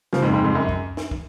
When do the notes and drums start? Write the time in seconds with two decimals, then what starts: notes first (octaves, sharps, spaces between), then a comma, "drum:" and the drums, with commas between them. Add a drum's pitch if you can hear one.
0.13 C#3 F3, drum: snare
0.22 F2 G#2
0.34 F2 G#2
0.44 F2 G#2
0.55 F#2
0.69 drum: kick
0.97 drum: snare
1.11 drum: kick